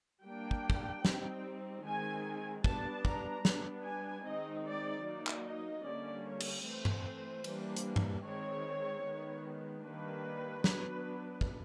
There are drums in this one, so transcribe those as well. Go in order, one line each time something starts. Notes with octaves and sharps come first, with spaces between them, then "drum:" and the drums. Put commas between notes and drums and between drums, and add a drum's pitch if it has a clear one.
G3 A#3 D4 G5
drum: kick
drum: kick
G3 C4 D#4, drum: snare
D#3 G#3 C4 G#5
G3 B3 D4 A5, drum: kick
A#5, drum: kick
G3 B3 D4, drum: snare
G#5
D#3 G#3 C4 D#4 D#5
D5
F#3 A#3 D#4 D5
drum: clap
D#5
D3 G3 A#3 C#4 D5
C#5
drum: cymbal
E3 A3 C4 C5
drum: tom G2
E3 G3 A#3 D4, drum: cymbal
drum: hi-hat
drum: tom G2
D#3 G#3 C4 C#5
D#3 G#3 B3
D#3 G3 A#3 D4 B4
F#3 B3 D4, drum: snare
drum: kick